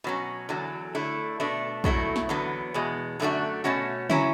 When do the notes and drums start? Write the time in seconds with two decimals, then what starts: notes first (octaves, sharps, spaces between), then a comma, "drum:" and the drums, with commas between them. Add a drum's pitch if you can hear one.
0.04 B2 F#3 C#4
0.49 E2 D3 F#3
0.95 D3 A3 E4
1.40 B2 A3 D4
1.84 B2 F#3 A3 E4, drum: kick
2.16 drum: snare
2.29 E2 D3 F#3 B3
2.74 E2 B2 G#3
3.20 F#2 D3 A3 D4 F#4
3.64 B2 A3 C#4 F#4
4.10 F#3 C#4 E4, drum: tom C#3